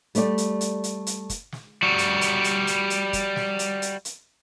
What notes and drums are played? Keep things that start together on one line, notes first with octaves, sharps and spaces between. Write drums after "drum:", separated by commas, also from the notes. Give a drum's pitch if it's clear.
G3 A3 G4 D5, drum: hi-hat
drum: hi-hat
drum: hi-hat
drum: hi-hat
drum: hi-hat
drum: kick, hi-hat
drum: snare
G3 F#4
drum: hi-hat
drum: hi-hat
drum: hi-hat
drum: hi-hat
drum: hi-hat
drum: kick, hi-hat
drum: snare
drum: hi-hat
drum: hi-hat
drum: hi-hat